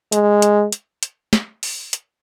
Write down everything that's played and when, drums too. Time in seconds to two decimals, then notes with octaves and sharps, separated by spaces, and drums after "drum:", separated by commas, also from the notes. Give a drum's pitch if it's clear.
0.12 G#3, drum: hi-hat
0.42 drum: hi-hat
0.72 drum: hi-hat
1.03 drum: hi-hat
1.33 drum: snare
1.63 drum: open hi-hat
1.93 drum: hi-hat